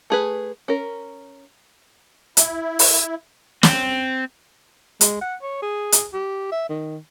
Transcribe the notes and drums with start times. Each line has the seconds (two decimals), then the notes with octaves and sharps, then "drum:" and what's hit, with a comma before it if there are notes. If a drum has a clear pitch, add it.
0.10 A3 G#4 B4
0.68 C#4 A#4
2.37 E4, drum: hi-hat
2.79 drum: open hi-hat
3.63 C4, drum: snare
5.01 G#3, drum: hi-hat
5.21 F#5
5.42 C#5
5.62 G#4
5.92 drum: hi-hat
6.13 G4
6.52 E5
6.69 D#3